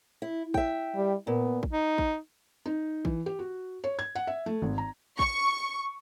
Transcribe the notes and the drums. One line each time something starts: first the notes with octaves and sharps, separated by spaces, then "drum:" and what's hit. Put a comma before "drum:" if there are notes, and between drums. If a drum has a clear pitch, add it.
E4
E5 G5, drum: kick
G3
A#2 B3
drum: kick
D#4
drum: kick
D#4
E3, drum: kick
G4
F#4
C#5
G#6
F#5
E5
A3
G#1
A#5
C#6, drum: kick